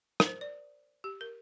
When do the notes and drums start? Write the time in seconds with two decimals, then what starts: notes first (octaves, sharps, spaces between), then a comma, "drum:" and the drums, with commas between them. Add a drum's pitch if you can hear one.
0.20 A#4, drum: rim click
0.26 C5
0.41 D5
1.04 G4
1.21 A#4